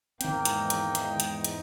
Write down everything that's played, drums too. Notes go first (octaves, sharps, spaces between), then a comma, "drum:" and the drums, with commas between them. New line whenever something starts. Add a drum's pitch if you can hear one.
E2 G#2 D#3 A#3 C4 D#4 G5, drum: hi-hat
drum: hi-hat
drum: hi-hat
drum: hi-hat
drum: hi-hat
drum: hi-hat